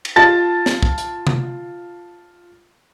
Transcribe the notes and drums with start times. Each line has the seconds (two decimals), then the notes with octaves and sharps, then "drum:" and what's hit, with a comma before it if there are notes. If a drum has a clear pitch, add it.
0.05 drum: cymbal
0.16 F4 A5 A6
0.66 drum: snare
0.83 drum: kick
0.98 drum: hi-hat
1.27 drum: tom C3